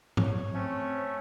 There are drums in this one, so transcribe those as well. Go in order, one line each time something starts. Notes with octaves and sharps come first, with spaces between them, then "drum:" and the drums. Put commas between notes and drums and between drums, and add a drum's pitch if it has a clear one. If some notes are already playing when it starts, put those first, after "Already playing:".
C#5, drum: tom G#2
A3 C4 C#4